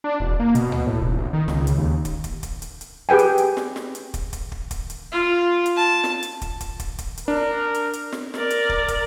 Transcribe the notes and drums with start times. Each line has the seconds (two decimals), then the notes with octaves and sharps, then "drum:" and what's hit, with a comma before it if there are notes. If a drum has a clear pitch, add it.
0.04 D4
0.20 E1
0.40 A#3
0.55 B2, drum: hi-hat
0.72 drum: tom C#2
0.87 A2
1.01 D#1
1.18 B1
1.33 D#3
1.48 C#2, drum: snare
1.67 drum: hi-hat
1.78 D#2
2.05 drum: kick, hi-hat
2.24 drum: kick, hi-hat
2.43 drum: kick, hi-hat
2.62 drum: hi-hat
2.81 drum: hi-hat
3.09 G4 G#4 B4 G5 G#5
3.19 drum: hi-hat
3.38 drum: hi-hat
3.57 drum: snare
3.76 drum: snare
3.95 drum: hi-hat
4.14 drum: kick, hi-hat
4.33 drum: kick, hi-hat
4.52 drum: kick
4.71 drum: kick, hi-hat
4.90 drum: hi-hat
5.12 F4
5.66 drum: hi-hat
5.77 A5
6.04 drum: snare
6.23 drum: hi-hat
6.42 drum: kick, hi-hat
6.61 drum: kick, hi-hat
6.80 drum: kick, hi-hat
6.99 drum: kick, hi-hat
7.18 drum: hi-hat
7.28 D4 A#4
7.74 drum: hi-hat
7.93 drum: hi-hat
8.12 drum: snare
8.34 A#4 D5, drum: snare
8.50 drum: hi-hat
8.69 drum: kick
8.88 drum: kick, hi-hat